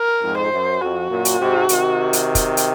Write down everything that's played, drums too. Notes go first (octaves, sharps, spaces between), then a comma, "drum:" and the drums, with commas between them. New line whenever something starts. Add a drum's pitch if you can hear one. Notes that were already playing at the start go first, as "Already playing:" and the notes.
Already playing: A#4
F2 G#2
C5
F#2
F2 F#4
F#2 A#2
drum: hi-hat
G#2 C3
C3 D#3, drum: hi-hat
drum: hi-hat
drum: kick, hi-hat
drum: hi-hat